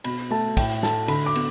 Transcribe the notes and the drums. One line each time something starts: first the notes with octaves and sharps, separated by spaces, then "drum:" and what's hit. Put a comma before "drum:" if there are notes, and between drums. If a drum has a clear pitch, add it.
B2 B5, drum: cymbal
A3 A5
A2 G5, drum: kick, cymbal
A3 A5, drum: snare
D3 B5, drum: cymbal
D6
B3, drum: cymbal